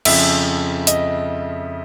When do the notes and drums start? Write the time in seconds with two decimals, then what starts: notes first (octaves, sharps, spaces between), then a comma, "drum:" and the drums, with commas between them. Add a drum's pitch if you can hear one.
0.05 F2 C#3 F3 E5, drum: cymbal
0.87 D#5, drum: hi-hat